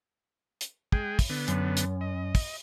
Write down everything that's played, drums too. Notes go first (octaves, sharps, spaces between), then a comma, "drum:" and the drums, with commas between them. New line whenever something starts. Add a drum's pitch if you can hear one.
drum: hi-hat
G#3 G#4 G5, drum: kick
drum: kick, open hi-hat
D3 B3
F#2, drum: hi-hat
drum: hi-hat
D#5
drum: kick, open hi-hat